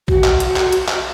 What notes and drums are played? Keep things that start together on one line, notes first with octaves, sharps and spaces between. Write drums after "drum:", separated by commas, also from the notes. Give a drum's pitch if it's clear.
F#4, drum: kick
drum: clap
drum: hi-hat
drum: clap
drum: hi-hat
drum: clap